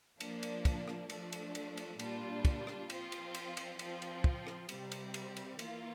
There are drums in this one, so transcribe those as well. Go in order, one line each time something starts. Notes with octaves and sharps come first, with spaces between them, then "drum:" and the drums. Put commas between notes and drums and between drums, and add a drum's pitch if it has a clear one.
F3 A#3 D4, drum: cymbal
drum: cymbal
drum: kick, cymbal
drum: rim click
F3 A3 D4, drum: cymbal
drum: cymbal
drum: cymbal
drum: cymbal
A#2 G3 D4 F4, drum: cymbal
drum: kick, cymbal
drum: rim click
F3 C4 F4, drum: cymbal
drum: cymbal
drum: cymbal
drum: cymbal
F3 C4 F4, drum: cymbal
drum: cymbal
drum: kick
drum: rim click
C3 G3 C4, drum: cymbal
drum: cymbal
drum: cymbal
drum: cymbal
E3 A#3 F4, drum: cymbal